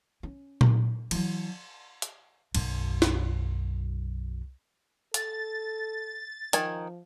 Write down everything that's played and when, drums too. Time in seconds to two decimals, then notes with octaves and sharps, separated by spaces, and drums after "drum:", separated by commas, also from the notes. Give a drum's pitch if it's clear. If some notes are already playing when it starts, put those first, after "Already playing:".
0.23 C#4
0.61 drum: tom A#2
1.11 E3 F#3, drum: cymbal
2.02 drum: hi-hat
2.55 B1 F#2, drum: cymbal
3.02 drum: snare
5.14 A4 A6, drum: hi-hat
6.53 D#3 F3 G#5, drum: hi-hat